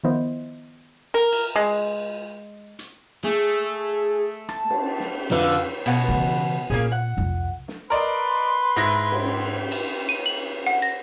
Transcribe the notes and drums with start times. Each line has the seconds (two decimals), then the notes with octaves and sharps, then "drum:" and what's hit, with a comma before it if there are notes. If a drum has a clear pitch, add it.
0.04 D#3 F3 B3 E4 C5 D#5
1.14 A#4
1.33 drum: cymbal
1.56 G#3
2.79 drum: hi-hat
3.24 A3 G#4
4.49 A5, drum: rim click
4.70 drum: cymbal
5.00 drum: snare
5.31 F2 D3 B4 F5 E6
5.86 B2 F#5 G#5, drum: cymbal
6.08 C#3 E3
6.70 A#2 A#3 C4 C#4 G#4
6.92 F#5
7.17 C2 F2
7.68 drum: snare
7.90 A#4 B4 D5 D#5 C6
8.76 G#2 E4 A#6
9.12 drum: cymbal
9.72 drum: cymbal
10.09 D#7
10.26 F#7
10.67 F#5
10.82 A#6